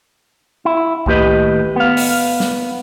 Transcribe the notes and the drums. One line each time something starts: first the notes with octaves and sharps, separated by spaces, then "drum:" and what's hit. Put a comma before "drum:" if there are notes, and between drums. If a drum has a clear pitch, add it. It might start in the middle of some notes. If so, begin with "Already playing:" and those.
E4
D#2 A2 G4 B4 D#5, drum: kick C2
B3 F5
drum: open hi-hat
drum: snare